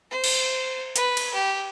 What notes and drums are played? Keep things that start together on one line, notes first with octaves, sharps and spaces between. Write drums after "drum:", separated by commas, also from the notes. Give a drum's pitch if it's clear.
C5
drum: cymbal
B4, drum: hi-hat
drum: cymbal
G4